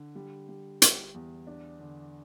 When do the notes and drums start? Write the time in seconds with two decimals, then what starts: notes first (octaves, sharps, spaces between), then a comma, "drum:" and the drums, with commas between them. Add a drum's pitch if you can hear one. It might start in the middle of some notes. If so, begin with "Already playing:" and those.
Already playing: D3
0.15 G3
0.48 G3
0.82 G3, drum: hi-hat
1.14 E2
1.47 D4
1.80 D3